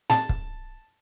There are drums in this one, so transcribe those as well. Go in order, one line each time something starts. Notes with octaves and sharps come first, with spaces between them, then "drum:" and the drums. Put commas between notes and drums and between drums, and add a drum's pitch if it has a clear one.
A5, drum: snare
drum: kick